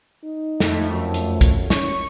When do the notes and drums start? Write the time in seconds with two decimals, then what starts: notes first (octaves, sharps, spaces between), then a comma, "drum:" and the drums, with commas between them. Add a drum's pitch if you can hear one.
0.24 D#4
0.60 F2 A3, drum: snare
0.91 F#2
1.14 drum: hi-hat
1.41 drum: kick, hi-hat
1.70 C#4 C#6, drum: snare